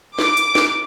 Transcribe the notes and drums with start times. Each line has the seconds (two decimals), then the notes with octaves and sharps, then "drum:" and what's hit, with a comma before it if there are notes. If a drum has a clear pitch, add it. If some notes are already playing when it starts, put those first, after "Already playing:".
0.19 D6, drum: snare
0.37 drum: hi-hat
0.55 drum: snare